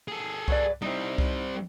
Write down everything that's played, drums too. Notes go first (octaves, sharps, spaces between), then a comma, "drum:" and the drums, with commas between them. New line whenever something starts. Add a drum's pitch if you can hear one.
G#4 A4
F#3 B4 D5, drum: kick C2
G3 C4 D#4 E4
drum: kick C2